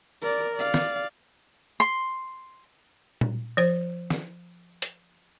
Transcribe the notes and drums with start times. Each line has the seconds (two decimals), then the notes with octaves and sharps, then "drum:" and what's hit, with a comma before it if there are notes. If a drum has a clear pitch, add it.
0.22 A#4 D5
0.56 D5 F5
0.74 drum: snare
1.80 C6
3.21 drum: tom A#2
3.57 F3 C5
4.10 drum: snare
4.82 drum: hi-hat